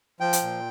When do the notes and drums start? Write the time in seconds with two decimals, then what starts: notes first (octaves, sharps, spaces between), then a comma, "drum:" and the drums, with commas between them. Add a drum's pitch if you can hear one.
0.20 F3 G5
0.33 drum: hi-hat
0.42 A#2